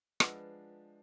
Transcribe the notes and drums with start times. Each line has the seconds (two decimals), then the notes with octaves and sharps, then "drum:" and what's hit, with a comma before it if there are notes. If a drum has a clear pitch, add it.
0.20 F3 G#3 D4 F4 B4 F#5, drum: rim click